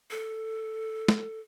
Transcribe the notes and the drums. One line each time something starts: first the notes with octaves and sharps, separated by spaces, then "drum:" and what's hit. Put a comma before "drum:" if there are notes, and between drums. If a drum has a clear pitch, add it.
A4
drum: snare